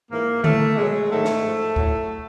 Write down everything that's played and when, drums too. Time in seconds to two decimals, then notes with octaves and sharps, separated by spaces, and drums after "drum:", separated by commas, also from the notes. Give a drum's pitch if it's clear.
0.11 G#2 E3 A#3
0.44 A2 E3 A3, drum: tom D3
0.77 B2 F#3 G#3
1.11 G#2 D#3 F#3 A3
1.25 drum: snare
1.44 G#2 F3
1.76 A2 F#3, drum: kick D2